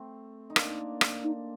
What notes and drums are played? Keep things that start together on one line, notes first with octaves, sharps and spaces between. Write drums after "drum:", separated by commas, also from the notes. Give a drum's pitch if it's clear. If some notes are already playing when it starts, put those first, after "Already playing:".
Already playing: A3 C4
D#4
A#3 D4, drum: rim click
drum: rim click
D#4